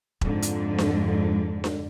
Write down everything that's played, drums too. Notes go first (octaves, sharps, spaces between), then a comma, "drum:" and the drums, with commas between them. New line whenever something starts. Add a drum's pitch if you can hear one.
F2 G#2 D3, drum: kick E1
drum: hi-hat
drum: snare D4
drum: snare D4